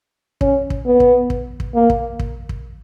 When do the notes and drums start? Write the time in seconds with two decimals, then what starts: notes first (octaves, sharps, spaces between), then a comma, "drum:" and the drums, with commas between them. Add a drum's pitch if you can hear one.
0.41 C#4, drum: kick
0.70 drum: kick
0.86 B3
1.00 drum: kick
1.30 drum: kick
1.60 drum: kick
1.75 A#3
1.90 drum: kick
2.19 drum: kick
2.49 drum: kick